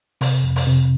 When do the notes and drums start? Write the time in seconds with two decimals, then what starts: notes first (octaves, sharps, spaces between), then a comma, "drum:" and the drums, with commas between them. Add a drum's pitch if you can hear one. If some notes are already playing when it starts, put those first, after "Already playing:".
0.21 C3, drum: open hi-hat
0.44 F2
0.56 drum: open hi-hat
0.67 C3